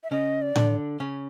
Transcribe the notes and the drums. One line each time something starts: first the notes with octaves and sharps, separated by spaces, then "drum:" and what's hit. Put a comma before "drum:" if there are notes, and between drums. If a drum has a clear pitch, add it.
E5
C#3 C#4 D#5
D5
D3 D4, drum: tom A2
C#3 C#4